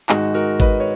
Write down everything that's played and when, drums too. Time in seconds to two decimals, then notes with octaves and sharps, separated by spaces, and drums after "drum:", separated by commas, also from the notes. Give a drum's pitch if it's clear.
0.09 G#2 D#3 G#3 D#4 F#4, drum: clap
0.34 F#4 A#4
0.60 B4 D#5, drum: kick G#1
0.80 C#5